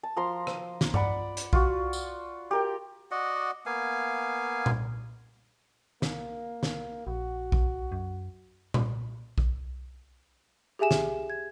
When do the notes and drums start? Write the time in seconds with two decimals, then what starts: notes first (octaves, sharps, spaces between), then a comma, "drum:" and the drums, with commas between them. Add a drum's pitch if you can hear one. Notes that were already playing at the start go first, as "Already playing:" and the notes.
0.03 A5
0.16 F3 A#5 C6
0.47 drum: rim click
0.81 drum: snare
0.94 D5 F#5 B5, drum: tom G2
1.37 drum: hi-hat
1.53 F4 F#4, drum: kick A#1
1.93 drum: tambourine
2.51 G4 A#4 G5
3.11 F#4 D5 D#5 F#5
3.66 A#3 B3 F5 G#5
4.66 drum: tom A#2
6.02 A#3, drum: snare
6.63 drum: snare
7.07 A#1 F#4
7.52 drum: kick A#1
7.92 F#2
8.74 drum: tom A#2
9.38 drum: kick A#1
10.79 G4 G#4 E5 G#5 E7
10.91 drum: snare
11.30 G#6